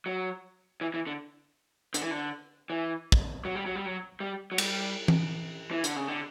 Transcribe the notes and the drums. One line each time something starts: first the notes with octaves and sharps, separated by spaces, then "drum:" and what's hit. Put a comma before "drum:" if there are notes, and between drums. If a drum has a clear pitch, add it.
F#3
E3
E3
D3
D3, drum: hi-hat
E3
D3
E3
drum: kick
F#3
G3
F#3
G3
F#3
G3
F#3
G3, drum: cymbal
drum: tom E3
E3
D3, drum: hi-hat
C#3
D3